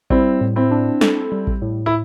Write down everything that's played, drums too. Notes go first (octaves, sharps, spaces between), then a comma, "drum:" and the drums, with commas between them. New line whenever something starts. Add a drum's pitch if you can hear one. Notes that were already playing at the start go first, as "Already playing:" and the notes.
G3 C4 E4, drum: kick A1
A2
C4 E4
D4
A4, drum: snare
G3
drum: kick A1
A2
E4